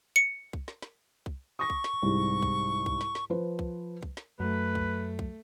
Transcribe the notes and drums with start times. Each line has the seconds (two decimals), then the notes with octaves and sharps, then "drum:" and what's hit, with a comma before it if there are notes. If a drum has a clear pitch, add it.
0.16 C#7
0.53 drum: kick C2
0.68 drum: snare
0.82 drum: snare
1.26 drum: kick C2
1.59 C#6 D#6 A#6
1.70 drum: kick C2
1.84 drum: snare
2.02 C2 G#2 G3
2.42 drum: kick C2
2.86 drum: kick C2
3.01 drum: snare
3.15 drum: snare
3.30 F3 B4 C5
3.59 drum: kick C2
4.03 drum: kick C2
4.17 drum: snare
4.40 F#2 F#3 A3 B4
4.75 drum: kick C2
5.19 drum: kick C2